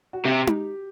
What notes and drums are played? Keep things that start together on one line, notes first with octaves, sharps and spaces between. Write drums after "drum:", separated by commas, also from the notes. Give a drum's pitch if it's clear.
F#4
C3 G4
drum: tom D#4